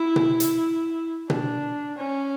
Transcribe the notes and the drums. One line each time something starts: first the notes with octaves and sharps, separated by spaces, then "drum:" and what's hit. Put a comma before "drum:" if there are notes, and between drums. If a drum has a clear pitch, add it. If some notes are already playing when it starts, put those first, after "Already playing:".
Already playing: E4
drum: tom B2
drum: hi-hat
D4, drum: tom B2
C#4